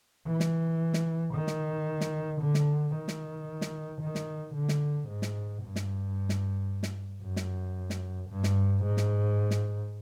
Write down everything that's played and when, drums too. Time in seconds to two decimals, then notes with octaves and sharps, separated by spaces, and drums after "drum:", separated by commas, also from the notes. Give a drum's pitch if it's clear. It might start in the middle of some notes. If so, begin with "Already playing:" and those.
0.27 E3
0.40 drum: snare
0.94 drum: snare
1.34 D#3
1.47 drum: snare
2.01 drum: snare
2.41 D3
2.54 drum: snare
2.94 D#3
3.08 drum: snare
3.61 drum: snare
4.01 D#3
4.15 drum: snare
4.54 D3
4.68 drum: snare
5.08 G#2
5.22 drum: snare
5.62 G2
5.76 drum: snare
6.29 drum: snare
6.83 drum: snare
7.22 F#2
7.36 drum: snare
7.90 drum: snare
8.30 G2
8.43 drum: snare
8.84 G#2
8.97 drum: snare
9.51 drum: snare